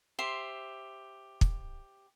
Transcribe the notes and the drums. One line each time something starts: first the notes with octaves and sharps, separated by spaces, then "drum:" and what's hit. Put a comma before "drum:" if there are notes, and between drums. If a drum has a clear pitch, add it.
G4 C5 E5 C6
drum: kick